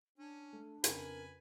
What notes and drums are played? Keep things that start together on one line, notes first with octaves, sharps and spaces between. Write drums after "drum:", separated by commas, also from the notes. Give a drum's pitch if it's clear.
C#4 D4
A3
F2 C#3 A#4 B4 G#5 B5, drum: hi-hat